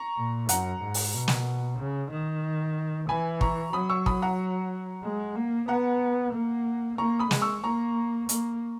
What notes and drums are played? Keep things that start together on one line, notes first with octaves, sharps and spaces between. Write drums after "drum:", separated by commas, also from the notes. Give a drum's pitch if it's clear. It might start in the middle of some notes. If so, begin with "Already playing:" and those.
Already playing: A#5 C#6
A#2
F#2 F#5 A#5, drum: hi-hat
G#2
drum: open hi-hat
B2
drum: snare
C#3
D#3
E3 G#5 B5
A#5 C#6, drum: kick
F#3 B5 D#6
C#6 E6
B5 D#6, drum: kick
F#5 A#5
G#3
A#3
B3 F#5 A#5
A#3
A#3 A#5 C#6
B5 D#6
G#3, drum: snare
C#6 E6
A#3 A#5 C#6
A#3, drum: hi-hat